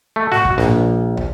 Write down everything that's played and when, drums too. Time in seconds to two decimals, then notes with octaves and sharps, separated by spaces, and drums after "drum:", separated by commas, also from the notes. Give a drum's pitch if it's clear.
0.16 A3
0.32 F#4, drum: snare
0.45 drum: kick
0.58 A#1, drum: snare
1.17 drum: tom